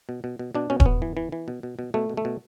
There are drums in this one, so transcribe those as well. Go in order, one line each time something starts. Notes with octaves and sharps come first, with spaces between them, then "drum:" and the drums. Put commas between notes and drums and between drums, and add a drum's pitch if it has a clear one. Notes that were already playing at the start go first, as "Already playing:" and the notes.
B2
B2
B2
B2 D4
B2 C#4
C#4, drum: kick D#1
B2 B3
E3
E3
E3
B2
B2
B2
B2 A3
B2
A3
B2